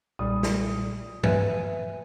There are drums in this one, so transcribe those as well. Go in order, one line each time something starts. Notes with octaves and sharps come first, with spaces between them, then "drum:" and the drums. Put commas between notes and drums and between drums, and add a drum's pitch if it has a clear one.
B1 A#2 G3 D#6
drum: snare
B4 E5 G#5, drum: tom G2